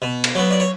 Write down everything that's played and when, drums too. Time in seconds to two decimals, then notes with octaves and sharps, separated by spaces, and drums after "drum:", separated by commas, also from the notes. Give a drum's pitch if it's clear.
0.02 B2
0.24 drum: cymbal
0.35 F#3 B3
0.51 D5
0.60 C#5